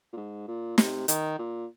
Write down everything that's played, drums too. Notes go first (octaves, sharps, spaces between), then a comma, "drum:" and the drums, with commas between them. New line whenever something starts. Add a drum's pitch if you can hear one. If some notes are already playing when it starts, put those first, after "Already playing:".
A#2
G#2
A#2
C3, drum: snare
D#3, drum: hi-hat
A#2